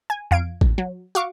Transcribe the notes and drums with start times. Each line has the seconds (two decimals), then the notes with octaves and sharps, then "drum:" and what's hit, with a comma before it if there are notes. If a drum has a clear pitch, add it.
0.10 G#5
0.31 F2 F5 G#6 D7
0.61 drum: kick A1
0.78 F#3
1.15 F#4 F5 C#6 D6